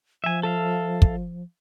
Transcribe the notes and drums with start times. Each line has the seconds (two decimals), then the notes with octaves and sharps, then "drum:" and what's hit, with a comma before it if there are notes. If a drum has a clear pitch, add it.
0.24 F3 E5 G#5
0.43 A4 E5 F5
1.02 drum: kick